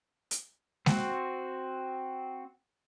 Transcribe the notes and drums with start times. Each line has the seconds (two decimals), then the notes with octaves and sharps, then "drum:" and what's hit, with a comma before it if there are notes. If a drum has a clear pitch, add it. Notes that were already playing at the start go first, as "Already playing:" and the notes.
0.31 drum: hi-hat
0.86 C4 F#4, drum: snare G#3